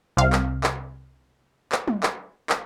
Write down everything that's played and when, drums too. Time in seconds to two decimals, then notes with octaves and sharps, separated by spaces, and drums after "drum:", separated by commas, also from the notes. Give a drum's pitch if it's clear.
0.17 C2 C3 F5
0.33 drum: clap
0.64 drum: clap
1.72 drum: clap
1.88 drum: tom
2.03 drum: clap
2.50 drum: clap